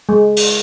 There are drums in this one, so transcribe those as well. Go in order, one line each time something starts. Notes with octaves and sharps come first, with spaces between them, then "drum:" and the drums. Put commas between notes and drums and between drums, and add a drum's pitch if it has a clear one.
G#3
drum: open hi-hat